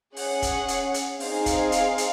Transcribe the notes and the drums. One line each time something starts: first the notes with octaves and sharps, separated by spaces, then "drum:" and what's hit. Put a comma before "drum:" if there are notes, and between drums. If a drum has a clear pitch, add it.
C#4 G#4 F#5, drum: open hi-hat
drum: kick, hi-hat
drum: hi-hat
drum: hi-hat
C4 D#4 G#4 F5, drum: open hi-hat
drum: kick, hi-hat
drum: hi-hat
drum: hi-hat